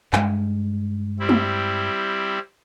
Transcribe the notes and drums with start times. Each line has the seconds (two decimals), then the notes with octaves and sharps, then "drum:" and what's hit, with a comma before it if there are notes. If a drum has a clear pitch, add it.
0.13 G2 G#3, drum: clap
1.19 G3 C4 E4
1.29 drum: tom